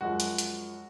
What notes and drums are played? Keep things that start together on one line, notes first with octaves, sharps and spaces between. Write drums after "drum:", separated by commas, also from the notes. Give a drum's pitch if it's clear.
F#2 F3 G#3 F#4
drum: hi-hat
drum: hi-hat